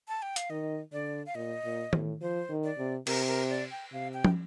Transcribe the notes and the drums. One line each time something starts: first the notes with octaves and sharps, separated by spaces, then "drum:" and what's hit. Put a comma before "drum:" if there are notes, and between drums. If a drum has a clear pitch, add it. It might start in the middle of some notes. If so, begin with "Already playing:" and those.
A5
G5
F5, drum: hi-hat
D#3 D#5
D3 D5
F5
A#2 D#5
A#2
A2, drum: tom D#3
F3 C5
D#3
D5
C3
C3 A#4, drum: cymbal
A#4
D5
G5
C3 F5
G5
drum: tom